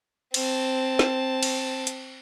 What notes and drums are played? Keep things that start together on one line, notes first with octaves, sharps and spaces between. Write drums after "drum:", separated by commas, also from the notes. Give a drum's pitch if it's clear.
C4 A5, drum: cymbal
drum: snare
drum: cymbal
drum: hi-hat